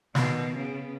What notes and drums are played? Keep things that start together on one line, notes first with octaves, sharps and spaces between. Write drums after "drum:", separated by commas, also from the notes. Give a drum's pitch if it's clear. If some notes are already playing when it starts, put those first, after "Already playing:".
B2 D#3, drum: snare
C#3 B3